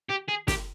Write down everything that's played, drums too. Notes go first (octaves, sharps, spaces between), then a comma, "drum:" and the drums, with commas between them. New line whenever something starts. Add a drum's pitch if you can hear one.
G4
G#4
G4, drum: snare